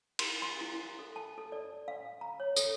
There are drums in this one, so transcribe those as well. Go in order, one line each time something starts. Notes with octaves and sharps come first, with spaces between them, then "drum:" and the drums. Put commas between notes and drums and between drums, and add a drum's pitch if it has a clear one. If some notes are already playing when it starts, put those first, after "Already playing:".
C6, drum: cymbal
C6
E4
A4
A5
A4
D5
F5
A#5
C#5
A4, drum: tambourine